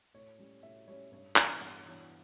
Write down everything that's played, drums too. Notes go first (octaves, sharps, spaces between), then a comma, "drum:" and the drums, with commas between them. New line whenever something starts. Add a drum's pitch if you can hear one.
A2 C#5
G3 C#4
A2 E5
G3 C#4 C#5
G2 C#5
E3 B3 D4 D5, drum: clap
G2 F#5
E3 B3 D4 C#5